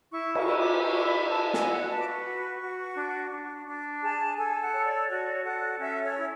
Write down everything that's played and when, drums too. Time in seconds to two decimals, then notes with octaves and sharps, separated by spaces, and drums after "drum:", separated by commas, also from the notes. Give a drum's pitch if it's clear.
0.11 E4 C#6
0.35 C#6, drum: cymbal
0.47 E4
0.58 D6
0.83 E4 C#6
1.06 B5
1.18 E4
1.30 A5
1.54 F#4 G#5, drum: snare
1.72 F#5
1.88 B4 A5
1.99 D6
2.07 C#6
2.25 F#4
2.60 F#4
2.96 D4
3.31 D4
3.67 D4
4.02 G#4 A5
4.37 A4 G#5
4.61 F#5
4.72 C#5
4.85 D5
5.09 F#4 D5
5.43 A4 F#5
5.79 C#4 E5
6.03 C#5
6.16 E4